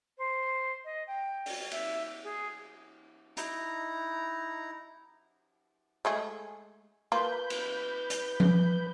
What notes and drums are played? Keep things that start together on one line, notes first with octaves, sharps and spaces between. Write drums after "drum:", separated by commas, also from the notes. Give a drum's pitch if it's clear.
C5
D#5
G5
drum: open hi-hat
E5, drum: cymbal
G#4
D#4 E4 A#5, drum: hi-hat
G#3 A3 G#4
A#3 F4 B4 G6
drum: cymbal
drum: hi-hat
drum: tom F3